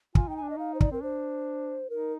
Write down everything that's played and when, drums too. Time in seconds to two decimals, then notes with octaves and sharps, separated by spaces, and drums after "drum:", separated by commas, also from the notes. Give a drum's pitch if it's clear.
0.15 F4 G#5, drum: kick
0.28 D#4 G5
0.37 D4 G#5
0.50 D#5
0.56 D#4 F5
0.74 C5
0.81 D5, drum: kick
0.91 C4 A#4
1.02 D4 C5
1.90 D#4 A#4